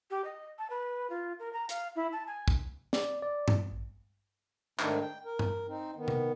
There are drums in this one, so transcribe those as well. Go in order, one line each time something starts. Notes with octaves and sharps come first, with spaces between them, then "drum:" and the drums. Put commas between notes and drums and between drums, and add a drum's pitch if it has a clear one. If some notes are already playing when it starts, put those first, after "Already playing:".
G4
D#5
A5
B4
F4
A#4
A#5
F5, drum: hi-hat
E4
A5
G#5
drum: kick
D5, drum: snare
D5
drum: tom G2
A1
G#2 D#3 A3 D4 D#4, drum: clap
G5
A#4
drum: tom G2
C4 D#4
D#3 B3
drum: tom C3